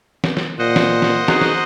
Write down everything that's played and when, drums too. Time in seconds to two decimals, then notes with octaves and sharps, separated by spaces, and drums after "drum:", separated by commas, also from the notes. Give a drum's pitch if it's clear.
0.24 drum: snare
0.37 drum: snare
0.59 A#2 C5 D#5 F#5
0.76 drum: snare
1.02 drum: snare
1.28 D#4 F#4 G#4, drum: snare
1.41 drum: snare